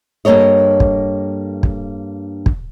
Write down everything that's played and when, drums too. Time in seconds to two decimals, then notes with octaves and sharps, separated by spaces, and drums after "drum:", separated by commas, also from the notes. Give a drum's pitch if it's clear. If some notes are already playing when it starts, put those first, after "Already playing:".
0.25 G2 A#3 A4 C#5 D#5
0.80 drum: kick
1.63 drum: kick
2.46 drum: kick